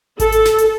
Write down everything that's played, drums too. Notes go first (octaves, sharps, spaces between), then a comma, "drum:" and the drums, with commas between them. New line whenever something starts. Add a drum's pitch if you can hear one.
A4, drum: kick G#1, hi-hat
drum: hi-hat
drum: snare
drum: hi-hat